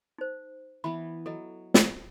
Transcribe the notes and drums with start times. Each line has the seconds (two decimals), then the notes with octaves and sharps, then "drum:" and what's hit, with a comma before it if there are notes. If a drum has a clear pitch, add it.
0.18 D#4 C5
0.84 E3 B3 B5
1.26 F#3 A4 D#5
1.74 drum: snare